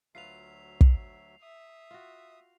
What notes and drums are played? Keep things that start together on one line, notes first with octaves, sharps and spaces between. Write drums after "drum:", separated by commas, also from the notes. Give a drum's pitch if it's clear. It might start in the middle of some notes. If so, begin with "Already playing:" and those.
D2 F#3 F4 B4 E5 F5 C7 F7
drum: kick
E5 D#6
F4 F#4